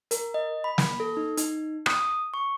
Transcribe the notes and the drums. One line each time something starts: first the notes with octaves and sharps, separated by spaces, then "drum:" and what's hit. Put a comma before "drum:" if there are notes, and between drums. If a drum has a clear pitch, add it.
A#4, drum: hi-hat
D#5
B5
drum: snare
A4
D#4
D#4, drum: hi-hat
D#6, drum: rim click
C#6